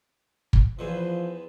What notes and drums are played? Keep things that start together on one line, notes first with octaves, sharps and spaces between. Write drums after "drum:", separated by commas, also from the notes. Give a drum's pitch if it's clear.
drum: kick
E2 E3 F3 C5